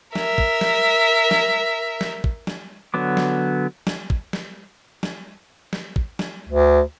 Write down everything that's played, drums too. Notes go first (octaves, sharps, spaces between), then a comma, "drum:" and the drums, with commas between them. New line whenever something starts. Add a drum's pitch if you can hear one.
A#4 E5, drum: snare
drum: kick
drum: snare
drum: snare
drum: snare
drum: kick
drum: snare
D3 F#3 B3 D6
drum: snare
drum: snare
drum: kick
drum: snare
drum: snare
drum: snare
drum: kick
drum: snare
D2